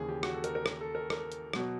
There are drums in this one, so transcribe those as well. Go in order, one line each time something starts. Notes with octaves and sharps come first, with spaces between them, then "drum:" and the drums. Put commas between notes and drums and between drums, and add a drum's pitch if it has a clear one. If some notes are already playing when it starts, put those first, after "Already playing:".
Already playing: D#2 C#3 E3 G#4
G4
F#4, drum: rim click
A4
A#4, drum: hi-hat
A#4
A#4, drum: rim click
A4
A#4
A#4, drum: rim click
drum: hi-hat
B2 F#3, drum: rim click